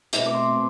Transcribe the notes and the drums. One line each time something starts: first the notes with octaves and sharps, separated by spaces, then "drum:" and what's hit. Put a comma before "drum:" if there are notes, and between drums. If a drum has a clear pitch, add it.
B2 A3 C4 E5, drum: hi-hat
D6
C6